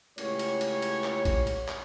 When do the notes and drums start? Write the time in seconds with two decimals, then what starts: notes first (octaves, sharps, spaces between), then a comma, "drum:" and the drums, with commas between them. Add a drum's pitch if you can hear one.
0.18 C#2 A2 C#3 G4 C#5, drum: cymbal
0.39 drum: cymbal
0.61 drum: cymbal
0.82 drum: cymbal
1.04 drum: clap
1.25 drum: kick, cymbal
1.47 drum: cymbal
1.68 drum: clap